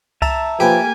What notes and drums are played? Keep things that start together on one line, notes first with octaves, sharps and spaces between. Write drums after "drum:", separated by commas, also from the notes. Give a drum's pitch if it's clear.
E5 A5 A#5, drum: kick C2, cymbal
F3 A#3 G4 B4 G#5